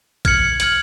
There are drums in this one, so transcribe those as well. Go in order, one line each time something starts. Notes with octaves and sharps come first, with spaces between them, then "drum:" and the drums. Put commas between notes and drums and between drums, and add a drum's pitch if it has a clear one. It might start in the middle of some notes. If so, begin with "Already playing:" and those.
F6 G#6 C#7 F#7, drum: kick, hi-hat
F6 G#6 C#7 F#7, drum: hi-hat